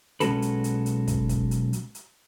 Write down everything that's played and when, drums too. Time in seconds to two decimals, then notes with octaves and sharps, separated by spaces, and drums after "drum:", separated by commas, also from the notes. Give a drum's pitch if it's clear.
0.20 B1 G#3 C#4 F#4 A4 B4, drum: hi-hat
0.42 drum: hi-hat
0.64 drum: hi-hat
0.86 drum: hi-hat
1.08 drum: kick, hi-hat
1.29 drum: kick, hi-hat
1.51 drum: hi-hat
1.73 drum: hi-hat
1.95 drum: hi-hat